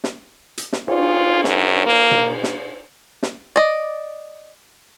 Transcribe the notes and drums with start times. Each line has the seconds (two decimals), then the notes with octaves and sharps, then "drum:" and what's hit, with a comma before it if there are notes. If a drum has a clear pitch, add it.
0.04 drum: snare
0.58 drum: hi-hat
0.73 drum: snare
0.88 F4, drum: cymbal
1.44 F#2, drum: snare
1.86 A#3
2.11 drum: tom B2
2.44 drum: snare
3.23 drum: snare
3.56 D5 D#5